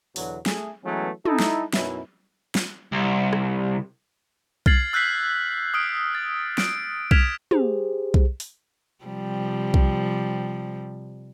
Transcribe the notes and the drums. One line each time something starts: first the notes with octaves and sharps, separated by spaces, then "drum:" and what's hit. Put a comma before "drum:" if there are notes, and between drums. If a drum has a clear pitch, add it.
E2 B2 D3 F#3, drum: open hi-hat
A3 G#4, drum: snare
E3 F#3 G#3 A3 B3 C#4
D#4 E4 A4, drum: tom
drum: snare
F#2 B2 C#4 D#4 E4, drum: snare
drum: snare
C2
drum: rim click
F6 G#6 A6 C7 F#7, drum: kick B1
E6 F#6 G6 A6 B6 C7
D#6 F6 D7
A6
D7, drum: snare
F6 G#6 B6 D7 E7 F7, drum: kick B1
G4 G#4 C5, drum: tom
drum: kick B1
drum: open hi-hat
C3 F3 G3
drum: kick B1